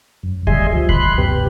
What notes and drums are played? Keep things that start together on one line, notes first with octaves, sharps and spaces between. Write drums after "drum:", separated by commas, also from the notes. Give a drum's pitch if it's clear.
F#2
G3 G#4 D#5 E5 G#5 C6, drum: kick C#2
F3
B5 C6 F#6, drum: kick C#2
F#2 B2 G4 B4